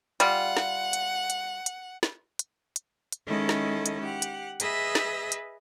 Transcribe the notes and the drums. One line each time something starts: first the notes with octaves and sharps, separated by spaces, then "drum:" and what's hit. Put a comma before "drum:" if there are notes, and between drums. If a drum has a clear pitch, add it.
G3 F4 F#5, drum: hi-hat
drum: snare
drum: hi-hat
drum: hi-hat
drum: hi-hat
drum: snare
drum: hi-hat
drum: hi-hat
drum: hi-hat
D#3 G#3 C#4 E4 A4 D#5
drum: snare
drum: hi-hat
G4 F#5
drum: hi-hat
G#4 B4 D#5 E5 E6, drum: hi-hat
drum: snare
drum: hi-hat